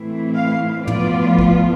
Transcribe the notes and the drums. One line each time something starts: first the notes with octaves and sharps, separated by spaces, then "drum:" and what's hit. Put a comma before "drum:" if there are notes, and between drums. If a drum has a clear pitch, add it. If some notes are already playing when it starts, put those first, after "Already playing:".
Already playing: A2 E3 A3 C4 E4
F5
A2 F3 B3 F4 D5, drum: tom
drum: kick